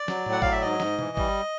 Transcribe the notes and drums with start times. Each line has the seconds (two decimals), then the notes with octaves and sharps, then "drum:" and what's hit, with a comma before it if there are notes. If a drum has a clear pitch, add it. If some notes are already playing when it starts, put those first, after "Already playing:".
Already playing: D5
0.08 F#3, drum: snare
0.26 A2, drum: tom A2
0.32 F#5
0.42 F#3 F5, drum: kick
0.52 E5
0.62 G#2 D#5
0.80 G#2, drum: snare
0.99 E3, drum: tom B2
1.17 G3, drum: kick